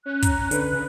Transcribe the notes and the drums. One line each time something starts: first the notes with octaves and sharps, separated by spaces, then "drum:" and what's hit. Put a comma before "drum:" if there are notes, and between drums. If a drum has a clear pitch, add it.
C#4 F#6
A#5, drum: kick, hi-hat
D3 B4, drum: hi-hat
C#3